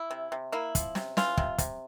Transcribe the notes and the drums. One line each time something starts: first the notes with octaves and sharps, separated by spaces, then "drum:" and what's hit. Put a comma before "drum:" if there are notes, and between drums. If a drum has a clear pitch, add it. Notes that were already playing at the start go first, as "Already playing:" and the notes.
Already playing: E4
C3
C3
A#3 E4
F3, drum: kick, hi-hat
C3, drum: snare
E3 F4, drum: snare
C3, drum: kick
C3, drum: kick, hi-hat